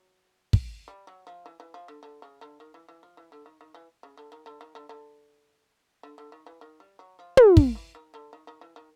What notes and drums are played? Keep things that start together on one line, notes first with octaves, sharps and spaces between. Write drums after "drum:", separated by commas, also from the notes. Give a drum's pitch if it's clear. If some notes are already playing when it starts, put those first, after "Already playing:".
Already playing: F#3
drum: kick
G3
F#3
F3
E3
E3
F3
D3
D3
C#3
D3
D#3
E3
E3
F3
E3
D3
D#3
D#3
E3
C#3
D3
D#3
D3
D#3
D3
D3
D3
D3
D#3
E3
D#3
G3
F#3
F3
F#3, drum: tom
F3, drum: kick
E3
D#3
D3
D#3
D#3
E3
D#3